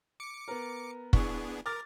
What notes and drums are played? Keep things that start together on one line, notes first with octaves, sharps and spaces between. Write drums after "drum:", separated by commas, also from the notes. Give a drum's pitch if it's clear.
D6 C#7
B3 A#4
B3 D4 E4 G#4 C#6, drum: kick
A#4 D6 F6 A6